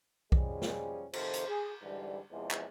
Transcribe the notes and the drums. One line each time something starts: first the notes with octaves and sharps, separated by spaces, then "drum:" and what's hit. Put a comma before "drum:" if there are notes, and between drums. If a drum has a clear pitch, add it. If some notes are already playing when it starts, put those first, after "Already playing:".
F3 G3 G#3 C#4 G#4, drum: kick B1
drum: snare
C3 D#3 F3 A4 C5, drum: cymbal
drum: hi-hat
G#4
G#2 D3 E3 G3
E2 C3 E3 F3 G#3
drum: clap